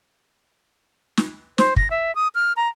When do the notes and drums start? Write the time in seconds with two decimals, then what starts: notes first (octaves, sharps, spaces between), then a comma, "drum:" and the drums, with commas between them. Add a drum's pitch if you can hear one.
1.17 drum: snare
1.58 C5, drum: snare
1.76 A#6, drum: kick
1.90 E5
2.15 D#6
2.35 F6
2.56 A#5